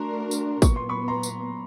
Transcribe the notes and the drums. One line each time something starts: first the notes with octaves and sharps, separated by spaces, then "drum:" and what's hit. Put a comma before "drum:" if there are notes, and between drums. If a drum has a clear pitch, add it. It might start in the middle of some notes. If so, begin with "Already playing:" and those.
Already playing: A3 D4 F#4 A#4 A#5 C6
drum: tambourine
A#2 F#3 B3 C#6, drum: kick, tambourine
C6
B5 C#6
A#5 C6
drum: tambourine